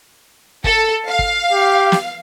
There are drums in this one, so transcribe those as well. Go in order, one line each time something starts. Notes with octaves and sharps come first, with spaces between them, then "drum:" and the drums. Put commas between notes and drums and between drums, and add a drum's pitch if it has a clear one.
A4, drum: kick
F5
drum: kick
G4
drum: snare